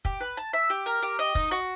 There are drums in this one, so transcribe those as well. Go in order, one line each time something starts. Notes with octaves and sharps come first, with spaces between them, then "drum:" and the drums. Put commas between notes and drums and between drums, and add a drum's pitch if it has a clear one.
G4, drum: kick
B4
A5
E5
G4
A#4
G4
D#5
D#4, drum: kick
F#4